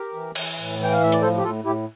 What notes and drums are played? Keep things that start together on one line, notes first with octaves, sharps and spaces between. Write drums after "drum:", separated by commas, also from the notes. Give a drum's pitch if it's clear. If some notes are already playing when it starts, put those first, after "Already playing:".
Already playing: G4 A#4
E3
E3, drum: cymbal
A2
E3 G5
F5
A2 E5
D5, drum: hi-hat
F3 A4 C5
G4
A2 F4 A4
A2 E4 G4